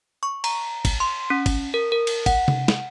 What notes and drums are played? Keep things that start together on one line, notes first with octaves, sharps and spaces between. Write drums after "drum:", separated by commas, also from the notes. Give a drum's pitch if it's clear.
C#6
A#5, drum: cymbal
drum: kick, cymbal
C6
C#4
drum: kick, cymbal
A#4
A#4
drum: cymbal
F#5, drum: kick, cymbal
drum: tom C3
drum: snare